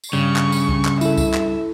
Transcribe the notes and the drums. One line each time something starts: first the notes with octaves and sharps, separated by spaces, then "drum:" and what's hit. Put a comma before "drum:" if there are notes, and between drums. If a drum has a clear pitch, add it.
drum: tambourine
G2 C#3 C#6
drum: clap
drum: tambourine
drum: kick C#2
drum: clap
E4 A4 E5, drum: tambourine
drum: kick C#2, tambourine
drum: clap